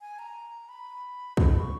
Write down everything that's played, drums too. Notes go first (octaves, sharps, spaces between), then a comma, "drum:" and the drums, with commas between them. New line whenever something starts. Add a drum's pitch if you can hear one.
G#5
A#5
B5
B5, drum: kick
B5
C#6